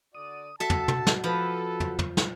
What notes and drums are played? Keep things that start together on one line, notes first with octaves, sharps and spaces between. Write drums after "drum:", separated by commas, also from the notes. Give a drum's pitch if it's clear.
D3 F#4 D5 D#6
F#4 A4 E5 A5
drum: tom
drum: tom
drum: snare
F3 A4 B4
drum: tom
drum: tom
drum: snare